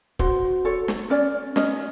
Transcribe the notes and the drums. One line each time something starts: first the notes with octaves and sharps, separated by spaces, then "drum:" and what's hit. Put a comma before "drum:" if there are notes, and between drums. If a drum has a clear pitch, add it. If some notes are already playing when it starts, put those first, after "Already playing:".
F#4 C5, drum: kick
A4 C#5
drum: snare
C#4 D5
C#4 D#5, drum: snare